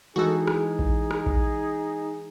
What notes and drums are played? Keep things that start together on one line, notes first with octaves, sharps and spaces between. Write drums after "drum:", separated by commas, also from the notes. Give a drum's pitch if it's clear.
E3 G#3 D#4 F#4 G#4 A4
drum: rim click
drum: kick A#1
drum: rim click
drum: kick A#1